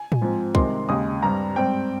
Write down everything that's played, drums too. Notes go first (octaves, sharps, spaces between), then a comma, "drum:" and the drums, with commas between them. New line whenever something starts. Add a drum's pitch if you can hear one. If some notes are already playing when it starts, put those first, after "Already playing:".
Already playing: G#5
drum: tom A2
G#2 F3 C4
C2 C3 D#3 G#3 C4 C6, drum: kick
D#2 C#3 G#3 D#6
G2 G3 C4 A#5
G#2 G3 C4 G5